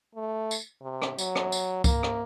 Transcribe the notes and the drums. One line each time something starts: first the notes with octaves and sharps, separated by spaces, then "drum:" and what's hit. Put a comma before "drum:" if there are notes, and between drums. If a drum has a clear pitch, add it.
A3
drum: tambourine
C3
drum: rim click
F#3, drum: tambourine
drum: rim click
drum: tambourine
A#3, drum: kick C#2, tambourine
drum: rim click